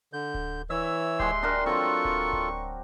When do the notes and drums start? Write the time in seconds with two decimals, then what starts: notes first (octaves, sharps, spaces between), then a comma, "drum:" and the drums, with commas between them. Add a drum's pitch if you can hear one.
0.13 D3 G6
0.34 drum: kick D1
0.70 E3 C#5 E5 E6
1.20 G#3 G4 C6, drum: kick D1
1.43 D4 F#4 A#4
1.66 F#3 C4 F4 A4 C#6
2.05 drum: kick D1
2.33 drum: kick D1